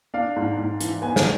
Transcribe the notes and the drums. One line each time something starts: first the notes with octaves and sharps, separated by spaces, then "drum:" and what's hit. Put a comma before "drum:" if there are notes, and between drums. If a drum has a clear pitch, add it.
D4 F5
G#2
G#2
E3, drum: hi-hat
B3 G#5
drum: snare